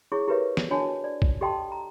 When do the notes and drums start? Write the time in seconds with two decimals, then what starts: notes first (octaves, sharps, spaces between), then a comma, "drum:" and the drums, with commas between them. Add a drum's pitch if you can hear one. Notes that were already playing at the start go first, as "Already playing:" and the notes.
0.12 E4 G#4 C#5 C#6
0.27 E4 G4 A#4 B4 C#5 E5
0.57 drum: snare
0.71 D4 F#4 C#5 D#5 G#5 A5
1.04 D5
1.22 drum: kick A#1
1.41 G4 A4 D#5 G5 A5 C6
1.72 A#5